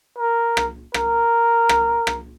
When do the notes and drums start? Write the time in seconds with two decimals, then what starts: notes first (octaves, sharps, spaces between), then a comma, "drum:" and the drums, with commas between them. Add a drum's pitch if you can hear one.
0.18 A#4
0.57 drum: rim click
0.94 A#4, drum: rim click
1.69 drum: rim click
2.07 drum: rim click